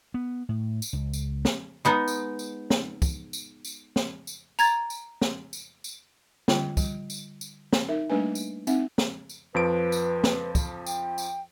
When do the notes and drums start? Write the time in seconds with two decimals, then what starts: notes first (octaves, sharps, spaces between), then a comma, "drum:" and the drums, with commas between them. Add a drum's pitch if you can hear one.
0.14 B3
0.49 A2
0.82 drum: tambourine
0.93 C#2
1.13 drum: tambourine
1.45 drum: snare
1.85 G#3 B3 D#4
2.08 drum: tambourine
2.39 drum: tambourine
2.70 drum: snare
3.02 drum: kick, tambourine
3.33 drum: tambourine
3.65 drum: tambourine
3.96 drum: snare
4.27 drum: tambourine
4.59 A#5 G#6 A6, drum: tambourine
4.90 drum: tambourine
5.21 drum: snare
5.53 drum: tambourine
5.84 drum: tambourine
6.48 D3 G3 F4 G5, drum: snare
6.77 G3, drum: kick, tambourine
7.10 drum: tambourine
7.41 drum: tambourine
7.73 drum: snare
7.88 D#4 A#4 E5
8.10 G3 A3 A#3 D4 B4 G#5
8.35 drum: tambourine
8.67 C4 D#4 E5 F#5, drum: tambourine
8.98 drum: snare
9.29 drum: tambourine
9.55 F2 F3 B4 D7
9.92 drum: tambourine
10.24 drum: snare
10.55 drum: kick, tambourine
10.86 G5, drum: tambourine
11.18 drum: tambourine